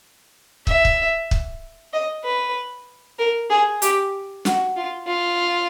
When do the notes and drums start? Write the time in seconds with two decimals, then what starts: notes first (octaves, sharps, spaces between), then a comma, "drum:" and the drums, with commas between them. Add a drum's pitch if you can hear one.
0.67 E5, drum: kick
0.85 drum: kick
1.31 drum: kick
1.93 D#5
2.24 B4
3.19 A#4
3.50 G#4
3.82 G4, drum: hi-hat
4.45 F#4, drum: snare
4.76 F4
5.08 F4